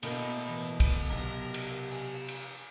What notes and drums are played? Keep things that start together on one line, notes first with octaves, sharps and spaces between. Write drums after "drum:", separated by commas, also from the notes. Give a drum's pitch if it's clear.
B2 A3 A#3 E4 A#4 G6, drum: cymbal
E3
drum: kick, cymbal
D3
B1 C3 A#4
drum: cymbal
F5 G#5
drum: cymbal